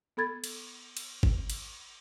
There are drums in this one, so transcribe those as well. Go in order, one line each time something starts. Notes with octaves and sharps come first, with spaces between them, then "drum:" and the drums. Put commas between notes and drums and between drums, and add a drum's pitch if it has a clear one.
B3 A4 B5 G#6 A6
drum: cymbal
drum: cymbal
drum: kick G1
drum: cymbal